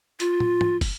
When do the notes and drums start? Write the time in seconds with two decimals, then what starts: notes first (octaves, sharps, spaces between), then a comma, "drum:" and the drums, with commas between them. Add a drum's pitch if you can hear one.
0.20 F4, drum: hi-hat
0.40 drum: tom
0.61 drum: tom
0.81 drum: kick, open hi-hat